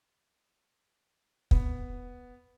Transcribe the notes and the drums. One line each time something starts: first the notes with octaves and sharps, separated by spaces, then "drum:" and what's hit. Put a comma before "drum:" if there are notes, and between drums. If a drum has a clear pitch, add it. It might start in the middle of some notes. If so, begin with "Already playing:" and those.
B3, drum: kick